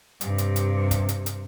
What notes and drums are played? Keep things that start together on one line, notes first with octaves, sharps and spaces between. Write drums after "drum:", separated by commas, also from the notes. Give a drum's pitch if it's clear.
G2 C3, drum: hi-hat
drum: hi-hat
drum: hi-hat
drum: kick, hi-hat
drum: hi-hat
drum: hi-hat